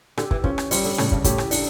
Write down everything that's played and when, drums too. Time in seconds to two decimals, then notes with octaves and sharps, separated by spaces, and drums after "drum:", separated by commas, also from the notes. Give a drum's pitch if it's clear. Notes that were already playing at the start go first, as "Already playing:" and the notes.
0.17 D3 G4, drum: rim click
0.31 E3, drum: kick
0.44 F3 C#4, drum: kick
0.58 drum: rim click
0.71 F3 G3, drum: open hi-hat
0.85 D3
0.98 A2 C#3, drum: rim click
1.12 G2, drum: kick
1.24 A2 G4, drum: kick, hi-hat
1.38 drum: rim click
1.51 D4, drum: open hi-hat